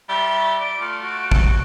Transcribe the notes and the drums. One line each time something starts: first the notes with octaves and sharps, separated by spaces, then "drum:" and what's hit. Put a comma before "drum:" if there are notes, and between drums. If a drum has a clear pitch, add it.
G3 E5 G7
D5 D7
A3 F4
F#4 D7
drum: kick A1